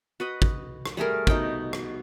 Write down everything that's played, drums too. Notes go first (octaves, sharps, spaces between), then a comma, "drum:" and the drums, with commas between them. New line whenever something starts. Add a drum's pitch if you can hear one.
F#4 B4 D#5
drum: kick
drum: rim click
G3 A3 G#4 A#4
B2 D#4 G5 D6, drum: kick
drum: rim click